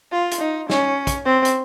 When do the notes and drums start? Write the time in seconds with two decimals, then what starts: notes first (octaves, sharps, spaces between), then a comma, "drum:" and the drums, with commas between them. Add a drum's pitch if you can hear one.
0.12 F4
0.31 drum: hi-hat
0.41 D#4
0.70 C#4, drum: snare
1.07 drum: kick, hi-hat
1.26 C4
1.45 drum: hi-hat